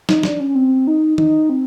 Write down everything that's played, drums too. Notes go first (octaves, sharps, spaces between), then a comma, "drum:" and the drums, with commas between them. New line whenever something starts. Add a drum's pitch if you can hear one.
D#4, drum: snare
D4, drum: snare
C#4
C4
D#4
D#4, drum: tom
C4